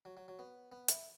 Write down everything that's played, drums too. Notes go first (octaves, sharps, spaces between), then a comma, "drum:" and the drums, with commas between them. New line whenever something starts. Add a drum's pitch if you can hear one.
F#3
F#3
F#3
B3
B3
E4, drum: hi-hat